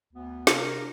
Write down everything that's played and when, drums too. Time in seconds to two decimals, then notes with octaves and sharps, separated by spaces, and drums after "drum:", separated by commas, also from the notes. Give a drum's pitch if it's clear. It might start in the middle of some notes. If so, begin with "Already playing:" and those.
0.14 D2 B3
0.47 C3 D4 F4 A#4, drum: snare